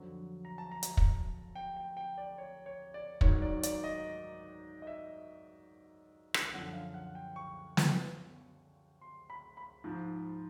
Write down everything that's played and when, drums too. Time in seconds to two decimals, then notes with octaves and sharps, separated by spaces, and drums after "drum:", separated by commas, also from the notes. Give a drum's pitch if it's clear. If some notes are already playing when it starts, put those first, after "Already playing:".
Already playing: F2 D3 F#3
0.45 A#5
0.58 A5
0.71 A#5
0.83 drum: hi-hat
0.97 drum: kick
1.55 G5
1.76 G5
1.97 G5
2.18 D5
2.38 C#5
2.66 C#5
2.94 D5
3.21 G#2 D#3 F#3 C#5, drum: kick
3.42 D5
3.63 D5, drum: hi-hat
3.84 D#5
4.82 D#5
4.87 E5
6.34 drum: rim click
6.53 F#2 D3 F3 F#5
6.73 F5
6.94 F#5
7.15 G5
7.36 C#6
7.77 drum: snare
9.01 C6
9.30 B5
9.57 B5
9.84 G#2 F3